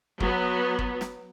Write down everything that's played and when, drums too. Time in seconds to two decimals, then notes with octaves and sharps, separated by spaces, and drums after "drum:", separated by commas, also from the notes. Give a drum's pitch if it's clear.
0.20 F#3 B3, drum: kick
0.79 drum: kick
1.01 drum: snare